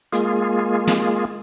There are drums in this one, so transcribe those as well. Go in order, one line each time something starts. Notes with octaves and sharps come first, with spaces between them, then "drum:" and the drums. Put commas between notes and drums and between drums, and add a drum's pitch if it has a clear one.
G#3 A#3 F4 G#4, drum: hi-hat
drum: snare